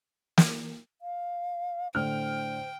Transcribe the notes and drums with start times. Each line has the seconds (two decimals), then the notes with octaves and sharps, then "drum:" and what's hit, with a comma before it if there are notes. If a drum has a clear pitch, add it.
0.38 drum: snare
1.01 F5
1.95 A2 D3 C5 G5 F6